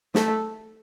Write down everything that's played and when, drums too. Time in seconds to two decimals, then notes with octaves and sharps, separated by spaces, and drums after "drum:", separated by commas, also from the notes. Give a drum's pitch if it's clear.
0.15 A3 A4, drum: snare